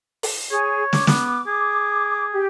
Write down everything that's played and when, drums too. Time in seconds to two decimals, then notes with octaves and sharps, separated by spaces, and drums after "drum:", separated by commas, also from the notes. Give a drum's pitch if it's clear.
0.23 drum: open hi-hat
0.52 G#4 C#5
0.93 D6, drum: snare
1.07 B3, drum: snare
1.47 G#4
2.32 G4